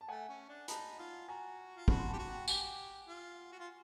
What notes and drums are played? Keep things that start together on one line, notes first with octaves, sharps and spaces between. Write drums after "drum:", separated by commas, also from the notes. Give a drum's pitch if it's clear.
A5
A3 F#5 G#5
C#4
D4
D#4 A5 B5, drum: hi-hat
F4
F#4 G#5 A#5
F4
F#4 A5 B5, drum: kick
C6
A5 B5
G4
F#4
G5 A5
G4 F#5 G#5, drum: tambourine
F4
F#4
F4